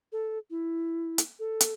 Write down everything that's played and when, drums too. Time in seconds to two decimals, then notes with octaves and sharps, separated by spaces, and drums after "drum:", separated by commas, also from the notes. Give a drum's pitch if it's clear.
0.12 A4
0.50 E4
1.18 drum: hi-hat
1.39 A4
1.61 drum: hi-hat